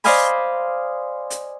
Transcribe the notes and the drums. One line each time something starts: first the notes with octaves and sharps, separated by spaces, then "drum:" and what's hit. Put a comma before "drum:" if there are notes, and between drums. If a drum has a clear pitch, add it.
C5 D5 D#5 F5 G#5 B5, drum: open hi-hat
drum: hi-hat